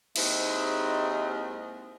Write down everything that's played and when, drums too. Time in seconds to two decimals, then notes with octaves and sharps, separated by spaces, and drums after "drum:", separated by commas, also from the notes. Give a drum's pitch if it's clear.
0.16 D#2 G#3 C4 E4 D#5, drum: cymbal